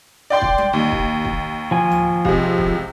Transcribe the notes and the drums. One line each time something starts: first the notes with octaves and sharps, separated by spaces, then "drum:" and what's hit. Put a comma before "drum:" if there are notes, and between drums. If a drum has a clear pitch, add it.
D5 G5 C6
drum: kick
drum: tom G3
D#2
drum: kick
drum: kick
F3 G#5
drum: tom C#2
C#2 C3, drum: kick
drum: kick